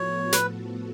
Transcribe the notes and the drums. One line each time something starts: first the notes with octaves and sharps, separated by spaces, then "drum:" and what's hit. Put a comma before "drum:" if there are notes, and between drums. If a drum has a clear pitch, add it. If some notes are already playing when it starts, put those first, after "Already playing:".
Already playing: A2 F3 B3 F#4 A4 C#5
B4, drum: snare